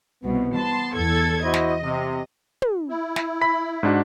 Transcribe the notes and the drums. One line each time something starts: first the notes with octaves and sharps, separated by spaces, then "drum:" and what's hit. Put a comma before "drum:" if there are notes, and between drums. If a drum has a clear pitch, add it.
C2 B2 B3
A5 C6
E2 A4 G#6
E4 F#4 C5 D#5
drum: snare
C3
drum: tom
E4
drum: snare
B5 B6
G#2 D4 F#4